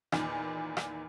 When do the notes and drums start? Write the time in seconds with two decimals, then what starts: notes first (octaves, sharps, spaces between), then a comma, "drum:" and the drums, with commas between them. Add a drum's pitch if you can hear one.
0.12 E2 A#2 D#3, drum: rim click
0.77 drum: rim click